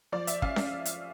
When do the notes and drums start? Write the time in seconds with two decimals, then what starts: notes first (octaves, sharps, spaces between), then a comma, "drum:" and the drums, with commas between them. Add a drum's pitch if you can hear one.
0.12 F3 D5
0.27 E5, drum: hi-hat
0.42 C#4 F5, drum: kick
0.56 drum: snare C#4
0.85 drum: hi-hat